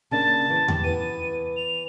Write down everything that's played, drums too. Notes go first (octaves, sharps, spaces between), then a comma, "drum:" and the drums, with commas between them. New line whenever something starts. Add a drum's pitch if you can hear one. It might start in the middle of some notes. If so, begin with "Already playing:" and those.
C#3 A#3 D4 A5
E3
G4, drum: tom E2
E3 B3 D#7
F7